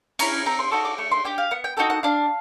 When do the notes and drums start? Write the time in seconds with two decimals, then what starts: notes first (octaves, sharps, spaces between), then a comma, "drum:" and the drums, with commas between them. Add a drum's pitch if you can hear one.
0.19 C#4 E4 A#5, drum: cymbal
0.46 C4 A#5
0.59 C6
0.71 D#4 F#4 A4 C#6
0.85 D6
0.98 A3 C#6
1.11 C6
1.25 D4 G4 G5
1.38 F5
1.51 B3 F#5
1.64 G5
1.77 D#4 F#4 A4 G5
1.90 F#5
2.03 D4 F5